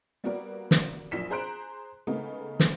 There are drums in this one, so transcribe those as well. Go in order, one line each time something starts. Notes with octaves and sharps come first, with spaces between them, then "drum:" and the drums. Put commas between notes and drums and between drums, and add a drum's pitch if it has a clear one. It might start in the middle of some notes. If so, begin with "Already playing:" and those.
G3 A#3 B3 F#4 A#4 D5
drum: snare
A#1 F#2 B6 E7
G#4 C5 A#5 F#6 D7
C#3 G#3 A3 B3 D#4 A#4
drum: snare